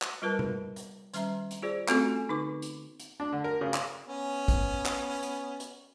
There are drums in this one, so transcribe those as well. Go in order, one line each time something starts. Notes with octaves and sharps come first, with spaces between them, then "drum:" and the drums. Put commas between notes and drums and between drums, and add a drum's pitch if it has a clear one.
drum: clap
G3 F4 A#4 B4 A5
drum: tom C3
drum: hi-hat
D#3 G3 C#4 E5 A#5, drum: hi-hat
drum: hi-hat
F4 G#4 C5 D5
A3 C4 C#4 F4 F#4 A4, drum: clap
G#5
D3 D#4 B4 C#6 D6
drum: hi-hat
drum: hi-hat
D4
D3
A#4
C#3
drum: clap
B3 C#4
drum: kick, hi-hat
drum: clap
drum: hi-hat
drum: hi-hat